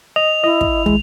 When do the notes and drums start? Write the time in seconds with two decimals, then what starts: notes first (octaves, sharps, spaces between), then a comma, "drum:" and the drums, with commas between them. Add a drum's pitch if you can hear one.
0.16 D#5 F7
0.44 E4 D#5
0.61 drum: kick
0.86 G#3, drum: tom